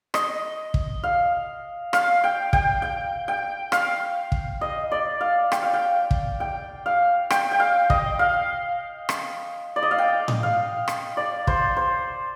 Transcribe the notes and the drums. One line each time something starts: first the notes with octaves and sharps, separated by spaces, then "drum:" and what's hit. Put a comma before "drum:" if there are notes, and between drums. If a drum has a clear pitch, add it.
D#5, drum: rim click
drum: kick
F5
F5, drum: rim click
G5
G5, drum: kick
G5
G5
F5, drum: rim click
drum: kick
D#5
D5
F5
G5, drum: rim click
F5
G5
drum: kick
G5
F5
G5, drum: rim click
G5
F5
D#5, drum: kick
F5
drum: rim click
D5
D#5
F5
G5
drum: tom A2
F5
drum: rim click
D5
C5, drum: kick
C5